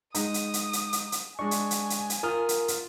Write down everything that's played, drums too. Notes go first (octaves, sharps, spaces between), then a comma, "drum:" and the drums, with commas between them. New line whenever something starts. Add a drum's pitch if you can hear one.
G#3 D#4 D#6, drum: hi-hat
drum: hi-hat
drum: hi-hat
drum: hi-hat
drum: hi-hat
drum: hi-hat
G#3 D4 G#5 C#6
drum: hi-hat
drum: hi-hat
drum: hi-hat
drum: hi-hat
F4 A#4 D#6 F6
drum: hi-hat
drum: hi-hat